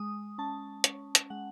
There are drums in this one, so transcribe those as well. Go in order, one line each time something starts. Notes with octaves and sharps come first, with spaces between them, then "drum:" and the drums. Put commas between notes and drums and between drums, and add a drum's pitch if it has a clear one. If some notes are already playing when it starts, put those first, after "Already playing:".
Already playing: G#3 D#6
C#4 A5
C#4, drum: hi-hat
drum: hi-hat
G#3 F#5